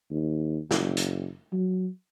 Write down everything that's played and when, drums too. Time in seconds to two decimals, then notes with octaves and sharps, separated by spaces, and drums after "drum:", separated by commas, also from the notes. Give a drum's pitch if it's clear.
0.11 D#2
0.71 F#1, drum: snare
0.97 drum: hi-hat
1.53 F#3